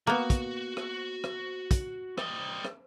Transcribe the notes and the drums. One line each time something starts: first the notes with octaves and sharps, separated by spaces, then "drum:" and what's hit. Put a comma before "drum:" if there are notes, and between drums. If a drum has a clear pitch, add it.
A#3 B3 F#4
drum: kick, hi-hat
drum: rim click
drum: rim click
drum: kick, hi-hat
G3 D#5, drum: rim click
drum: rim click